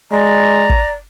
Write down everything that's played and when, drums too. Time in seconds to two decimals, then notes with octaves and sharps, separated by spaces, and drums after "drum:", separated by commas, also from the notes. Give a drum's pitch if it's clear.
0.12 G#3 D5 A#5
0.69 drum: kick